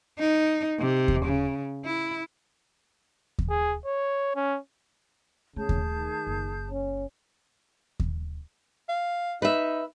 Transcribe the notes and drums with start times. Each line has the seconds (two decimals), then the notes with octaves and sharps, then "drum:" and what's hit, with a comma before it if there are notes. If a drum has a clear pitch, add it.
0.19 D#4
0.80 C3
1.08 drum: kick D#2
1.25 C#3
1.85 E4
3.38 drum: kick D#2
3.49 G#4
3.85 C#5
4.35 C#4
5.56 C#3 A3 G#4 A5 G6
5.69 drum: kick D#2
5.91 D#3
6.27 F#1
6.71 C#4
8.00 drum: kick D#2
8.89 F5
9.42 D#4 B4 E5